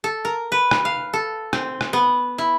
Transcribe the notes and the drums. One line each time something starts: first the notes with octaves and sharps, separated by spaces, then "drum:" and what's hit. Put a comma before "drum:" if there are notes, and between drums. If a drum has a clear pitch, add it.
A4
A#4
B4
drum: rim click
F5
A4
C4, drum: rim click
drum: rim click
B3
E4